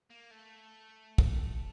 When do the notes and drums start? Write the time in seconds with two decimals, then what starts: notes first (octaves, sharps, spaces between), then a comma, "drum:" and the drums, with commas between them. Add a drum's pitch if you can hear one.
0.11 A#3
0.31 A3
1.18 drum: kick